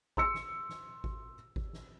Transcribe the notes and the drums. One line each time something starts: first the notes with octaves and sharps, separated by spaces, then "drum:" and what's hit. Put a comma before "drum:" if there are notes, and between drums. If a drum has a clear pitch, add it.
C6 E6 C#7, drum: kick G#1
drum: snare
drum: snare
drum: kick G#1
drum: kick G#1
drum: snare